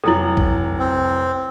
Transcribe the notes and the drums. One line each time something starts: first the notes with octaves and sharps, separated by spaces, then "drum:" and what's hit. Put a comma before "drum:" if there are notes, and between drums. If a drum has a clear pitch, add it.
F1 F#3 E4 A4 F#7
drum: kick
C4